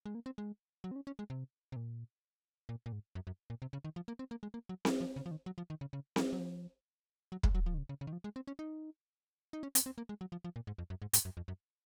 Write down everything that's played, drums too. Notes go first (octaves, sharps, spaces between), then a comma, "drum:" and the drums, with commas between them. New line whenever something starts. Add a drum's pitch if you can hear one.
G#3
A#3
C4
G#3
F#3
C4
C#4
C#4
G#3
C3
C3
A#2
A#2
A#2
G#2
F#2
F#2
A#2
C3
C#3
D#3
F3
A#3
C4
A#3
G#3
A#3
F#3
F3, drum: snare C4
F3
C#3
F3
D#3
F#3
F3
D#3
C#3
C#3
F3, drum: snare C4
F#3
F3
F#3
G#3, drum: kick
F#3
F3
D#3
C#3
C#3
C#3
D#3
F3
G#3
C4
C#4
D#4
D#4
C#4
C4, drum: hi-hat
C4
A#3
G#3
F#3
F3
F3
A#2
G#2
F2
F#2
G#2
G#2, drum: hi-hat
F#2
F2
F#2